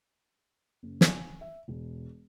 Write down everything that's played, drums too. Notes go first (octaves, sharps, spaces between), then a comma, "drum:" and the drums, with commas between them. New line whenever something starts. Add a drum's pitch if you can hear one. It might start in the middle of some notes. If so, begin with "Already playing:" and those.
F#1
G#5, drum: snare
E5
E1